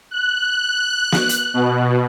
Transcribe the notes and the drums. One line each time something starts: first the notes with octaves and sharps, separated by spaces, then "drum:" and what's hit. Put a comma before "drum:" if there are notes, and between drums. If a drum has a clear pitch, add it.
F#6
drum: snare
drum: hi-hat
B2